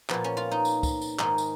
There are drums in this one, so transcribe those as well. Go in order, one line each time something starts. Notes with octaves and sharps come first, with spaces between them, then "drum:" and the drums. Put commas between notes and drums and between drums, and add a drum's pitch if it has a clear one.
A#2 F3 B3, drum: clap
C#4
F4
D#4
drum: tambourine
drum: kick, tambourine
drum: tambourine
G#2 D#3 D#4, drum: clap
drum: tambourine